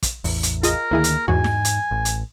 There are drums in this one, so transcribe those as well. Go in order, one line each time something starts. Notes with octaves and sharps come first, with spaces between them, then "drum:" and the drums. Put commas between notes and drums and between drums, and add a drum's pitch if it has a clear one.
drum: kick, hi-hat
A1 E2, drum: open hi-hat
drum: hi-hat
F4 G#4 A#4 D#5, drum: hi-hat
D2 D#3 A#3 E4 G#4
drum: hi-hat
E2 G#2 F#4 G#5
drum: snare
drum: hi-hat
A1
drum: hi-hat